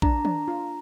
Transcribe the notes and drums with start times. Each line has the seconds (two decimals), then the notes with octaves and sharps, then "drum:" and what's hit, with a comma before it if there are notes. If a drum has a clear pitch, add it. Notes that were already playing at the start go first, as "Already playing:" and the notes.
0.02 D4 A#5, drum: kick A#1
0.25 D4, drum: tom
0.48 F4